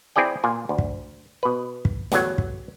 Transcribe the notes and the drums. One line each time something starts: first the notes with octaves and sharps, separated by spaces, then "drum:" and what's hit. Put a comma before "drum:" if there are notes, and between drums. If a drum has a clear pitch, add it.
C4 E4 G#4 D5 G5
A#2 F4 G#5
D2
drum: kick
B2 B4
drum: kick
G1 E2 A2 F#3 C#5, drum: snare
drum: kick